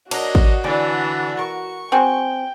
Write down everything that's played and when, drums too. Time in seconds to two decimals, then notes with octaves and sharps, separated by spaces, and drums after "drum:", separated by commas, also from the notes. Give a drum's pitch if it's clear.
0.11 F#3 D4 F#4 A#4 D#5, drum: cymbal
0.35 drum: kick
0.64 D3 E3 D4 D5 G#5
1.39 A#4 C#6
1.92 C4 F#4 G#4 G5